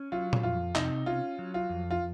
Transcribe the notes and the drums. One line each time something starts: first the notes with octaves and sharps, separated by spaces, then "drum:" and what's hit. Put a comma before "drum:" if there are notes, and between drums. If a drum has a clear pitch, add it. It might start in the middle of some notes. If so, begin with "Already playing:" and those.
Already playing: C#4
F#3 F4
drum: tom A#2
F2 F4
C3 D#4, drum: clap
C#4 F4
F#3
F4
F2
F4